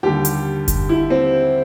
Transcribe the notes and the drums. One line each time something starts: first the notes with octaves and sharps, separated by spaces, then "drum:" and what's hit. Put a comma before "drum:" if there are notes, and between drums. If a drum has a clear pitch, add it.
D#2 D3 G3 G4
drum: hi-hat
drum: kick F#1, hi-hat
E4
C4